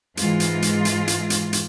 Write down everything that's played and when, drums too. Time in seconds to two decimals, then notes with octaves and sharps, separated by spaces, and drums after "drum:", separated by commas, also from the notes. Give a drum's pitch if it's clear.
0.17 G#2 E3 G#3 F4, drum: hi-hat
0.40 drum: hi-hat
0.62 drum: hi-hat
0.85 drum: hi-hat
1.08 drum: hi-hat
1.30 drum: hi-hat
1.53 drum: hi-hat